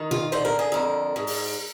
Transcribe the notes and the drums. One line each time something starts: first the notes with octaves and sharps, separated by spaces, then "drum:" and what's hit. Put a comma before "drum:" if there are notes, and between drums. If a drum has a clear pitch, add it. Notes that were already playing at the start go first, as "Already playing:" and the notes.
Already playing: D#3
F4, drum: tom A#2
D3 C5
A#4
G#4
F2 A#4
G#2
drum: open hi-hat